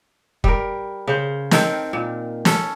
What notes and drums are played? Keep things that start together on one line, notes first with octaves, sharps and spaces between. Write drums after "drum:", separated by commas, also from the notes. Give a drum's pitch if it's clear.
G3 A#4, drum: kick
C#3 C5
D#3 C4 A4 A#4, drum: snare
A#2
C#4 A4, drum: snare